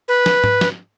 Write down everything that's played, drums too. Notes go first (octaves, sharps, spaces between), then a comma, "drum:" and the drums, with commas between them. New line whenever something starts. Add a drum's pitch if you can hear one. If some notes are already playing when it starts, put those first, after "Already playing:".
B4
drum: snare
drum: tom G#2
drum: snare